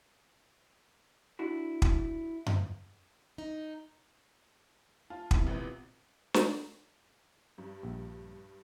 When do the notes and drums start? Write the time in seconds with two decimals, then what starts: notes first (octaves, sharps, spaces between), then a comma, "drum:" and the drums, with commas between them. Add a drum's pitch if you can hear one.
1.39 D4 E4 F#4
1.82 drum: kick
2.46 drum: tom F#2
3.38 D#4
5.10 F4 A5
5.31 C3 B3 E4, drum: kick
5.47 G#1 A#2 B4
6.34 drum: snare
7.58 G2
7.83 A#1